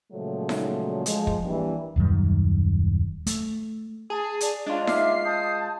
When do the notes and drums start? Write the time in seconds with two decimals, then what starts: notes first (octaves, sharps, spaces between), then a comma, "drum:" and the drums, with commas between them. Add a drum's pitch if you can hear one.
0.13 A#2 C#3 F3 F#3 G#3 A3
0.49 drum: snare D#4
1.06 F3 G#3, drum: hi-hat
1.27 drum: kick
1.45 E3 G3 A#3 D4 G4
1.96 D#1 F#2 D#3 G3
3.27 A3, drum: hi-hat
4.10 G#4 A5 D#6
4.41 D5, drum: hi-hat
4.66 G#3 D4 F4
4.87 E5 D6 F6 C7, drum: snare D#4
5.24 A5 D#6 G6